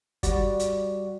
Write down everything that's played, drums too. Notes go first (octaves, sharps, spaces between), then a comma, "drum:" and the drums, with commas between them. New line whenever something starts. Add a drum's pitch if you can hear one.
G3 F#4 D5, drum: kick, hi-hat
drum: hi-hat